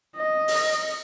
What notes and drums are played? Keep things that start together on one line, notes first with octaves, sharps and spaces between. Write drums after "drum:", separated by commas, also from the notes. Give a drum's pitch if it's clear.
D#5
drum: open hi-hat